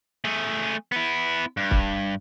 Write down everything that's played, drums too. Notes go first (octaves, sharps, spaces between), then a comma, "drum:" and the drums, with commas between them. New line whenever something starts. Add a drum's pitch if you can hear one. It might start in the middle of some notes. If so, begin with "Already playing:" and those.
A3 G#4
B3 E4
G2
drum: kick